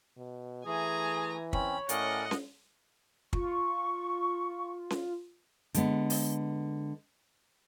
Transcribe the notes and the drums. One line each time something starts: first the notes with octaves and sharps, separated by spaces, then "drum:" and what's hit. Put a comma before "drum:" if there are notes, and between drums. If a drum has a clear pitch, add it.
B2
E3 A3 G#4 G#5 A#5
C4 C#4 C#5 B5, drum: kick
A2 C#4 A#4 D5 D#5 F#5, drum: hi-hat
drum: snare C#4
F4 C#6, drum: kick
drum: snare C#4
D3 G#3 B3, drum: hi-hat
drum: open hi-hat